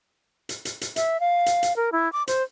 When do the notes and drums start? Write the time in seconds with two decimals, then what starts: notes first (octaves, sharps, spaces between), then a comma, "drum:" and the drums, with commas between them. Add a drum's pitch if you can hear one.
0.49 drum: hi-hat
0.65 drum: hi-hat
0.81 drum: hi-hat
0.96 E5, drum: hi-hat
1.20 F5
1.46 drum: hi-hat
1.63 drum: hi-hat
1.76 A#4
1.92 E4
2.13 D6
2.27 C5, drum: hi-hat